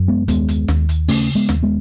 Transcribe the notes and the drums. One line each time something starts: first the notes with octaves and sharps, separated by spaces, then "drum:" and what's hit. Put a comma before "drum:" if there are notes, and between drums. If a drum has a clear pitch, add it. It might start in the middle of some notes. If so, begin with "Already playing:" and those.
Already playing: F#2
G#3 B3
D#2 G#3 B3, drum: hi-hat
drum: hi-hat
D#2, drum: snare
drum: hi-hat
C#3 A3 C#4, drum: open hi-hat
G#3 B3
D#2, drum: snare
G#3 B3